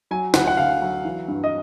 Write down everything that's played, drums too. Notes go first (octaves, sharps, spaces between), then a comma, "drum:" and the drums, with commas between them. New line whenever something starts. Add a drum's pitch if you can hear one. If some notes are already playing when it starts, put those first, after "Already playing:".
F#3 G#5
D2 F#5, drum: snare
F#5
D2 F5
F#3
E3
G2
D#5